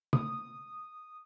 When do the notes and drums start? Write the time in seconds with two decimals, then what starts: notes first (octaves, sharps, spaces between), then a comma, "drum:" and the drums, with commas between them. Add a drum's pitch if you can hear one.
0.13 D#6, drum: tom